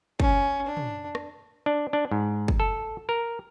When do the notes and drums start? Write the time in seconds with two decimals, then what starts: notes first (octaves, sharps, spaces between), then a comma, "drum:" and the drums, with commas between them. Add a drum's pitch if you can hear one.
0.20 C#4, drum: kick
0.66 D4
0.77 drum: tom
1.15 drum: rim click
1.66 D4
1.93 D4
2.11 G#2
2.48 drum: kick
2.60 A4
3.09 A#4